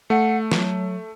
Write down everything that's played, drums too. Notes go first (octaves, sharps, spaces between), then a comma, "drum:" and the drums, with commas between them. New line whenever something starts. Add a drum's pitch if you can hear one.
A3 F#5
F#3, drum: snare